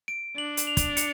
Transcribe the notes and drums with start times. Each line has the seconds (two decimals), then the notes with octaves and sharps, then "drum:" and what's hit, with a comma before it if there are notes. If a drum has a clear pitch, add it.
0.08 D7
0.37 D4 F#7
0.57 drum: hi-hat
0.67 F7
0.77 drum: kick, hi-hat
0.97 C#7, drum: hi-hat